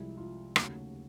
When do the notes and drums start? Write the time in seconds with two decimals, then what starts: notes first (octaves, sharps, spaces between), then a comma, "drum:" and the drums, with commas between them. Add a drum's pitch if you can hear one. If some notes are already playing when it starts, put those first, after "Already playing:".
Already playing: C2 C3 F3 G#3 E4
0.17 F4
0.56 D#2 C#3 F#3 A3 F#4, drum: rim click